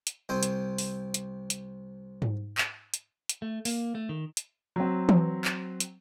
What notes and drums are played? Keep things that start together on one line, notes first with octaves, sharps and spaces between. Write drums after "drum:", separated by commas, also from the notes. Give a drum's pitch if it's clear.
drum: hi-hat
C2 C4 C5 G#5
drum: hi-hat
drum: open hi-hat
drum: hi-hat
drum: hi-hat
drum: tom G#2
drum: clap
drum: hi-hat
drum: hi-hat
A3
A#3, drum: open hi-hat
A3
D#3
drum: hi-hat
F#3 C4
drum: tom E3
drum: clap
drum: hi-hat